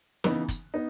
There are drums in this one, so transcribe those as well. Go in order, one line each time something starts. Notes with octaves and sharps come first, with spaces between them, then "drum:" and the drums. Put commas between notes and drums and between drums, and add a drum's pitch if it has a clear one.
C#3 E3 B3 D#4, drum: snare
drum: kick, hi-hat
B3 D#4